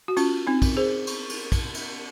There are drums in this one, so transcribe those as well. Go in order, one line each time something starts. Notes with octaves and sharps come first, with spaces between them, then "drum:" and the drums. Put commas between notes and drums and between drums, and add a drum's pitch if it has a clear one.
F#4
C#4 F4, drum: cymbal
C4 D#4
drum: kick, cymbal
G#4 C5
drum: cymbal
drum: cymbal
drum: kick, cymbal
drum: cymbal